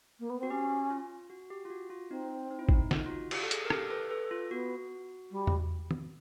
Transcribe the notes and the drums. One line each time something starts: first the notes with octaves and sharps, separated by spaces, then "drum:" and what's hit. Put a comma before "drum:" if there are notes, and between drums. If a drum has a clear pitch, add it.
A#3
B3
C4 F#4
C#4 G4
F4
F#4
G4
F4
F#4
F4
C4 D#4
D#4
E4
D#4, drum: kick G#1
D#4, drum: snare
F4
F#4
G4, drum: cymbal
A4
G#4, drum: hi-hat
A#4
G4 A4, drum: rim click
A4 B4
A4 B4
F4
B3 F#4
G3
drum: tom E2
drum: tom D#3